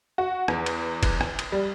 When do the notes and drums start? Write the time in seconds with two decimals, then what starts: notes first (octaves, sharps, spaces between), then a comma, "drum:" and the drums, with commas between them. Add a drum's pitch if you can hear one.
0.18 F#4
0.48 E2, drum: rim click
0.66 drum: cymbal
1.03 drum: kick, cymbal
1.21 drum: rim click
1.39 drum: cymbal
1.52 G3